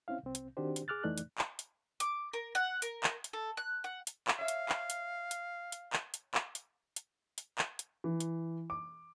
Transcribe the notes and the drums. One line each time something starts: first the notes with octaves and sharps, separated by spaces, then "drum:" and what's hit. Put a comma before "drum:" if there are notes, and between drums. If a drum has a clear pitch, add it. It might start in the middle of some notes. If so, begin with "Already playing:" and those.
C4 C#4 E4 F5
C2 C4
drum: hi-hat
D#3 C4 D4 F#4 G4 C5
drum: hi-hat
G#4 D6 F6 F#6 A6
F2 E3 A3 D#4 D5 F#6
drum: hi-hat
drum: clap
drum: hi-hat
D6, drum: hi-hat
A#4
F#5
A#4, drum: hi-hat
drum: clap
drum: hi-hat
A4
F#6
F#5
drum: hi-hat
drum: clap
C#5 E5 F5
drum: hi-hat
drum: clap
drum: hi-hat
drum: hi-hat
drum: hi-hat
drum: clap
drum: hi-hat
drum: clap
drum: hi-hat
drum: hi-hat
drum: hi-hat
drum: clap
drum: hi-hat
E3
drum: hi-hat
D6